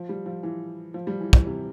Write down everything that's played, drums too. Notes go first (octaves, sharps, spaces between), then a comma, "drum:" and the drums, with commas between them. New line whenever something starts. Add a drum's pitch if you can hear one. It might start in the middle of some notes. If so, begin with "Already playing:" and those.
Already playing: F3
G3
F3
E3
F3
G3
E3
E3, drum: kick
C3